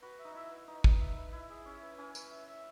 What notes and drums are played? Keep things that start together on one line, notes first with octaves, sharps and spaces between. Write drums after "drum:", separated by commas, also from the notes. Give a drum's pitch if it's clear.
F#4 B4
E5
D#4
E4 E5
B4
D#4 B4
B4, drum: kick
E5
B4
E4 E5
G#4
C#4 E5
B4
C#4 G#5
B4, drum: tambourine
E5
E5